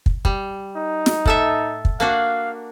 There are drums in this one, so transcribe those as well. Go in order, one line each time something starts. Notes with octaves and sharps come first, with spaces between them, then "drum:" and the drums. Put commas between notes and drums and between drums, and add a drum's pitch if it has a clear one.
drum: kick
G3, drum: kick
D#4
drum: snare
A2 A4 E5, drum: kick
drum: kick
A#3 D4 F#4 F5